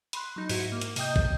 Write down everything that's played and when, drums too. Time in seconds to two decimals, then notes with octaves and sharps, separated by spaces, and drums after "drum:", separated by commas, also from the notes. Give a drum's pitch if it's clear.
0.13 B5 C6 F#6, drum: hi-hat
0.36 F#3 D#4
0.49 G#2 E4 F#4 C#7 D#7, drum: open hi-hat
0.72 A#3
0.82 drum: hi-hat
0.96 C3 D#5 G5 D#6 G6, drum: open hi-hat
1.16 drum: kick